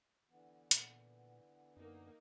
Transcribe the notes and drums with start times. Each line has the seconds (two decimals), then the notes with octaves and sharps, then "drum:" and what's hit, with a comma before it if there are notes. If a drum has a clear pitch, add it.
0.30 D3 E3 B3
0.71 A#2, drum: hi-hat
1.77 F#2 A#3 D#4